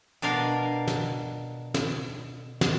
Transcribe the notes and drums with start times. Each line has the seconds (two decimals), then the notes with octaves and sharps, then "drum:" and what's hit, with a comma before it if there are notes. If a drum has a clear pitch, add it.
0.22 B2 D4 A#4 F5
0.87 drum: snare
1.74 drum: snare
2.61 drum: snare